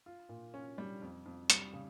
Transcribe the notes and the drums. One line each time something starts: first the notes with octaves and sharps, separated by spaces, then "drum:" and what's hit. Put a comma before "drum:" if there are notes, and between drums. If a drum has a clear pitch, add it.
F4
A#2
C#4
G3
F2
F2
G3, drum: hi-hat
C#3